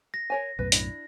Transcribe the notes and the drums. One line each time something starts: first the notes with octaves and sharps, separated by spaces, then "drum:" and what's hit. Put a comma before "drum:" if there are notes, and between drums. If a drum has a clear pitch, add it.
A#6
A#4 C#5 G#5
B1 F#2 A2 B4
D4 E4, drum: hi-hat